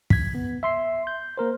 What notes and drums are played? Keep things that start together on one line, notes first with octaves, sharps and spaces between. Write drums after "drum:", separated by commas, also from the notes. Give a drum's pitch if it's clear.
G#6 B6, drum: kick
B3
E5 C6 C7
G6
A#3 A#4 C5